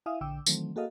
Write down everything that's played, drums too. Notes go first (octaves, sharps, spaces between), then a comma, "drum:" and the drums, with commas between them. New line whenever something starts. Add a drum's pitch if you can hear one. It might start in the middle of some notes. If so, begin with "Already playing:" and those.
E4 E5 F5 G#5 D#6
A#1 D3 G5 D6 E6
D#3 E3 F#3 A3 C4, drum: tambourine
A#3 F#4 G#4 A4 D#5 F5